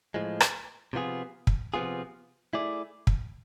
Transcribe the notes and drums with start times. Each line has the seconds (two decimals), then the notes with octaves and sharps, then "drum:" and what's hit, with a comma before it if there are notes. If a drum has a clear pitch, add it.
0.14 A2 F3 G#3
0.40 drum: rim click
0.93 C3 F3 B3 F4 G#4
1.47 drum: kick
1.74 C3 F3 B3 F4 G#4
2.53 A3 E4 G#4 D5
3.07 drum: kick